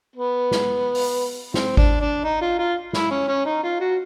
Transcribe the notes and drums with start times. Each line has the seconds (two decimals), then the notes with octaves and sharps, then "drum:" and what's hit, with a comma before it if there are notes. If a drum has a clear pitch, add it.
0.16 B3
0.51 drum: snare
0.95 drum: open hi-hat
1.54 C4, drum: snare
1.77 D4, drum: kick G#1
2.01 D4
2.24 D#4
2.41 F4
2.59 F4
2.93 E4, drum: snare
3.11 C#4
3.28 C#4
3.46 D#4
3.63 F4
3.80 F#4